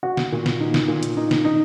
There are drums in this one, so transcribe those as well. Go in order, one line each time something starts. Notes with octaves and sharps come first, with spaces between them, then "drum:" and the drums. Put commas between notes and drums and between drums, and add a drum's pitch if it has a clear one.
F#4
drum: snare
A#2
drum: snare
D#4
drum: snare
A#2
drum: hi-hat
D#4
drum: snare
D#4